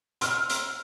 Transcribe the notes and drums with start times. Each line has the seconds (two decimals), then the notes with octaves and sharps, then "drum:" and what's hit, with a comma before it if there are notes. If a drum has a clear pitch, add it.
0.21 C6 E6 F6, drum: hi-hat
0.49 drum: hi-hat